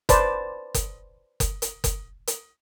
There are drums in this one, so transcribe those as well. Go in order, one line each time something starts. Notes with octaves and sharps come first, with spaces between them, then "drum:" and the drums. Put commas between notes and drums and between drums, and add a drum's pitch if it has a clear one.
B4 C5 D5 A5, drum: kick F#1, hi-hat
drum: kick F#1, hi-hat
drum: kick F#1, hi-hat
drum: hi-hat
drum: kick F#1, hi-hat
drum: hi-hat